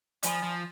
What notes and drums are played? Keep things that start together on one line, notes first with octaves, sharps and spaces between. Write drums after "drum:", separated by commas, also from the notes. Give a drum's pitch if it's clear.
F3 D5 G#5 B5 D#6, drum: hi-hat
F3